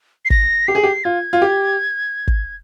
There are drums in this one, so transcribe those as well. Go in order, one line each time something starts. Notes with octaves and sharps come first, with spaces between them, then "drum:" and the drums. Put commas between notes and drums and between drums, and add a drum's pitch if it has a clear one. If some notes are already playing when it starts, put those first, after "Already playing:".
C7
A#6, drum: kick
G4 C7
G#4
G4
F4 G#6
F4
G4
drum: kick